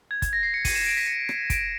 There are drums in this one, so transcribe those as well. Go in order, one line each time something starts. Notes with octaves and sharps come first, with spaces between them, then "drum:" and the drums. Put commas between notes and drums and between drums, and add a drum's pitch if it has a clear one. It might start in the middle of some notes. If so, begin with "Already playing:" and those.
G#6
G#6, drum: kick, hi-hat
A#6
C7
C#7
D#7, drum: kick, open hi-hat
E7
D7
B6
C#7
drum: rim click
D7, drum: kick, hi-hat